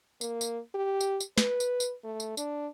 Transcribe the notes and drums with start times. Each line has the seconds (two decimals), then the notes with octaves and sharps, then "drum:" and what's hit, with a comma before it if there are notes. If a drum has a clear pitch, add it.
0.21 A#3, drum: tambourine
0.41 drum: tambourine
0.75 G4
1.01 drum: tambourine
1.20 drum: tambourine
1.38 B4, drum: snare
1.60 drum: tambourine
1.80 drum: tambourine
2.04 A3
2.20 drum: tambourine
2.37 D4, drum: tambourine